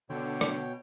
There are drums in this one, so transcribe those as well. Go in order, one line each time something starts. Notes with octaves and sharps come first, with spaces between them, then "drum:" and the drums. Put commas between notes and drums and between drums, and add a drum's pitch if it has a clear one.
B2 D3 C#5 G5
drum: rim click